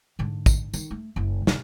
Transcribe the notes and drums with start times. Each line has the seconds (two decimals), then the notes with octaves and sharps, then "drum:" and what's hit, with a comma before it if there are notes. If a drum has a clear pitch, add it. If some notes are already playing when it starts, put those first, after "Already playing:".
0.19 G#2 D3
0.46 drum: kick, tambourine
0.74 D#3, drum: tambourine
0.91 A3
1.16 F#1 E4
1.47 C3 D#3, drum: snare